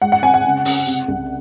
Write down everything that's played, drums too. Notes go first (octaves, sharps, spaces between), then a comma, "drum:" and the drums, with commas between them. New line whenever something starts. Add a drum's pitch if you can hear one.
G#3 F#5
F#5
C4 G#5
F#5
C#3
C#3, drum: open hi-hat
C3
C2